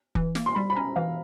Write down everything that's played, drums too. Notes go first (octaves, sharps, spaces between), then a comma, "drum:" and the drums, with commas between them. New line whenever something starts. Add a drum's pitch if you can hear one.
E3, drum: kick
A#3, drum: snare
C6
G3 B5
B5
C#4 A#5
E3 F5